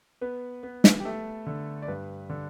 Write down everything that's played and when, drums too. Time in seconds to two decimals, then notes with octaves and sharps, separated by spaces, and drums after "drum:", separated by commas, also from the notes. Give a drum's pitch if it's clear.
0.21 B3 B4
0.63 B3
0.84 drum: snare
1.00 G4
1.05 A3 A4
1.47 D3
1.82 D5
1.88 G2 B4
2.30 D3